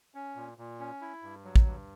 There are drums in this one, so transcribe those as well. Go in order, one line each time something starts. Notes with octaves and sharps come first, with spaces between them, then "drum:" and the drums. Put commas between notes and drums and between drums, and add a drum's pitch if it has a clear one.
C#4
A#2
A#2
C#4
E4
G2
F#3
drum: kick
G2